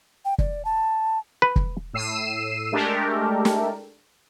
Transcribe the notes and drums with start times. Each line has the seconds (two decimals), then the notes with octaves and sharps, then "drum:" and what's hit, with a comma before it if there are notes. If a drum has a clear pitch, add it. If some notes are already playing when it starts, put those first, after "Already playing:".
0.25 G5
0.38 D5, drum: kick
0.65 A5
1.42 B4
1.56 drum: kick
1.93 A2 E6 C7 D#7 E7
2.72 G#3 A3 D4 G4 A4 A#4
3.45 drum: snare